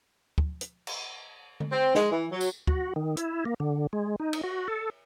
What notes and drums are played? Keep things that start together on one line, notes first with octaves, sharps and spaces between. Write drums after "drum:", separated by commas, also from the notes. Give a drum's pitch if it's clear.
drum: kick
drum: hi-hat
drum: cymbal
drum: tom D3
C4
G#3, drum: snare
E3
F#3
drum: tambourine
F#4, drum: kick
D#3
E4, drum: hi-hat
A#3
D3
G#3
D#4
drum: cymbal
F#4
A4